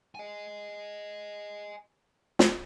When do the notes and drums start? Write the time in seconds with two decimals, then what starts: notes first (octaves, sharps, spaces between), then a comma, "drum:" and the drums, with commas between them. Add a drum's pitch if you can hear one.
0.15 D#5 G#5
2.39 drum: snare